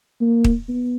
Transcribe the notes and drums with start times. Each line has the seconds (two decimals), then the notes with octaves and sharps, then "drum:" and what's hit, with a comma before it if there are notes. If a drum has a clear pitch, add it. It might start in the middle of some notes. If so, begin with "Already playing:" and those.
0.21 A#3
0.44 drum: kick
0.69 B3